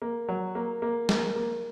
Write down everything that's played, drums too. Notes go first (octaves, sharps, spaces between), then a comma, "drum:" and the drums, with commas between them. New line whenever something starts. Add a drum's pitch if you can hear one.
A#3
F#3
A#3
A#3
A#3, drum: snare
A#3